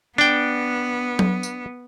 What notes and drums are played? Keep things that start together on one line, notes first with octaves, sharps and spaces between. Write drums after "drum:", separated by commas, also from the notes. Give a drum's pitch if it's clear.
B3 D4 G5
drum: tom F#3
drum: tambourine